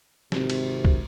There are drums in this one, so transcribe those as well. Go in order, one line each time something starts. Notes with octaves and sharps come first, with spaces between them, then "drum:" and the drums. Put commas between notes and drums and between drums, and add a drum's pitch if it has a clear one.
G#1 C3, drum: snare
drum: cymbal
drum: kick